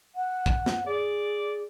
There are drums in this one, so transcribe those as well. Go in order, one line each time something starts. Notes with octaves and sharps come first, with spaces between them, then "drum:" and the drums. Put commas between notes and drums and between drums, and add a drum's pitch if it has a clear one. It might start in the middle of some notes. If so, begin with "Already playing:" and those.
F#5
drum: kick
drum: snare
G#4 D5